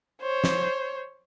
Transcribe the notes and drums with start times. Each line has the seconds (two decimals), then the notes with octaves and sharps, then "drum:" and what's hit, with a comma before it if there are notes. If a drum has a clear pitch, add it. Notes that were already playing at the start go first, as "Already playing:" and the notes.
0.22 C5 C#5
0.44 drum: snare